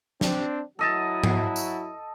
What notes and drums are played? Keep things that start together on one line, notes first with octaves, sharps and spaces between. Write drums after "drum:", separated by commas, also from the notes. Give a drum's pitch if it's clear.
C4 D4, drum: snare
F#3 E4 F#4 A4 D#5 A5
drum: tom G#2
drum: tambourine